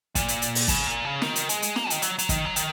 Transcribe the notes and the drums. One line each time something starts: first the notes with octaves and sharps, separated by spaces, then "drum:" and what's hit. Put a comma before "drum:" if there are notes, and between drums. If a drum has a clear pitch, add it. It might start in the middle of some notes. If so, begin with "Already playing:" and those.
A#2, drum: kick, hi-hat
drum: hi-hat
drum: hi-hat
drum: open hi-hat
C#3, drum: kick, hi-hat
A#2
C#3
D#3, drum: snare
drum: hi-hat
G#3, drum: hi-hat
drum: hi-hat
A#3, drum: snare
D#3, drum: hi-hat
F#3, drum: hi-hat
F#3, drum: hi-hat
D#3, drum: kick, hi-hat
F#3
D#3, drum: hi-hat